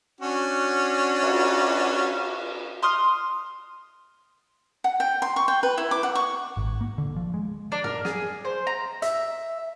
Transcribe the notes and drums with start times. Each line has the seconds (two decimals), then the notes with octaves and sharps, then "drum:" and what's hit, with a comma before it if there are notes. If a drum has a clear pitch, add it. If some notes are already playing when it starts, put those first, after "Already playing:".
0.20 C#4 D4 F#4
1.23 drum: cymbal
2.82 C6 D#6 F6
4.84 F#5
5.00 G5
5.22 C6
5.36 C#6
5.48 G5
5.63 B4
5.78 E4
5.91 D6
6.03 F#5
6.15 C#6
6.57 G#1
6.81 A#3
6.98 D3
7.16 F3
7.34 G#3
7.72 D4
7.84 A#4, drum: tom
8.05 G#4, drum: snare
8.45 C5
8.67 A#5
9.02 E5, drum: hi-hat